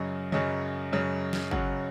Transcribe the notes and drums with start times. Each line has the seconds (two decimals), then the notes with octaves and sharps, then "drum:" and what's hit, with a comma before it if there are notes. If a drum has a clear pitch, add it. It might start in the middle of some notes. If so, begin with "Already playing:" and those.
Already playing: F#2 C#3 F#3 D#5
0.32 F#2 C#3 F#3 D#5, drum: tom D3
0.92 F#2 C#3 F#3
1.33 drum: snare
1.51 F#2 C#3 F#3 F#5, drum: kick G1